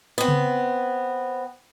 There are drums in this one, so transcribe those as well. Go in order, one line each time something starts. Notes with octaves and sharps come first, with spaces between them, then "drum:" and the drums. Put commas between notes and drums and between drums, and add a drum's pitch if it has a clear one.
B3 C4
drum: tom C#3